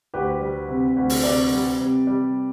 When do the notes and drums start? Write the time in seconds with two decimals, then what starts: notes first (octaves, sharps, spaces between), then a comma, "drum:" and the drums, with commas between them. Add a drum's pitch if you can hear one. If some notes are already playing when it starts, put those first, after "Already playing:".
0.14 D2 G4 B4
0.41 G3
0.69 C3
0.96 D2
1.10 drum: open hi-hat
1.24 C3 B4 D5
1.52 G3
1.80 C3
2.07 G3